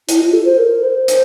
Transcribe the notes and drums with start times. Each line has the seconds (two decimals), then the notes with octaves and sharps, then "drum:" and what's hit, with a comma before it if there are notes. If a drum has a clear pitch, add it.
0.09 E4, drum: hi-hat
0.20 F4
0.33 A4
0.45 C5
0.58 A#4
0.84 C5
1.08 drum: hi-hat